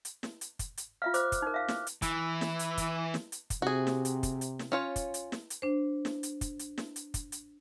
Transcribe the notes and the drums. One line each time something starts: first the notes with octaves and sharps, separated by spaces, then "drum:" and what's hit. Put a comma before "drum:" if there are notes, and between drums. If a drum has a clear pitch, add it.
drum: hi-hat
drum: snare
drum: hi-hat
drum: kick, hi-hat
drum: hi-hat
F4 E5 F5 F6
C5 D6 F#6, drum: hi-hat
drum: kick, hi-hat
D#4 A#4
E5 F5
drum: snare
drum: hi-hat
E3, drum: kick, hi-hat
drum: snare
drum: hi-hat
drum: kick, hi-hat
drum: snare
drum: hi-hat
drum: kick, hi-hat
C3 F#4 G#4
drum: snare
drum: hi-hat
drum: kick, hi-hat
drum: hi-hat
drum: snare
C#4 F4 C#5
drum: kick, hi-hat
drum: hi-hat
drum: snare
drum: hi-hat
D4 C5
drum: snare
drum: hi-hat
drum: kick, hi-hat
drum: hi-hat
drum: snare
drum: hi-hat
drum: kick, hi-hat
drum: hi-hat